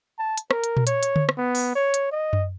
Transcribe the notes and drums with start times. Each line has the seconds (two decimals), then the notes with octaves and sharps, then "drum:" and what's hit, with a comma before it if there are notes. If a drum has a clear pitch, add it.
0.19 A5
0.38 drum: hi-hat
0.51 A#4, drum: rim click
0.64 drum: hi-hat
0.77 drum: tom A#2
0.87 C#5, drum: hi-hat
1.03 drum: hi-hat
1.16 drum: tom D3
1.29 drum: rim click
1.38 B3
1.55 drum: open hi-hat
1.76 C#5
1.94 drum: hi-hat
2.12 D#5
2.33 drum: tom F#2